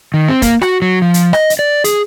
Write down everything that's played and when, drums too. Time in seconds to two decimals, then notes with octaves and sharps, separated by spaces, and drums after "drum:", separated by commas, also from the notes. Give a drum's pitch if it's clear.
0.14 D#3
0.28 C4
0.42 A#3, drum: kick, hi-hat
0.62 F#4, drum: rim click
0.82 F#3
1.02 F3
1.14 drum: hi-hat
1.33 D#5, drum: rim click
1.50 drum: hi-hat
1.59 D5
1.84 G#4, drum: hi-hat